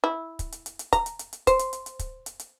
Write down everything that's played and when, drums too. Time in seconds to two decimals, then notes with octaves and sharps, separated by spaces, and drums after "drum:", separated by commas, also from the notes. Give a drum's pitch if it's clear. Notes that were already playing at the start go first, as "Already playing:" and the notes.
0.04 E4
0.39 drum: kick, hi-hat
0.52 drum: hi-hat
0.66 drum: hi-hat
0.79 drum: hi-hat
0.93 A#5, drum: kick, hi-hat
1.06 drum: hi-hat
1.19 drum: hi-hat
1.33 drum: hi-hat
1.47 C5, drum: kick, hi-hat
1.59 drum: hi-hat
1.73 drum: hi-hat
1.86 drum: hi-hat
1.99 drum: kick, hi-hat
2.26 drum: hi-hat
2.39 drum: hi-hat